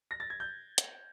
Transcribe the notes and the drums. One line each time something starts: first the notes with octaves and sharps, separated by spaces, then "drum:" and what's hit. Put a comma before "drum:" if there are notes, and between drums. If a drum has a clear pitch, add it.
A#6
A6
G#6
G6
drum: hi-hat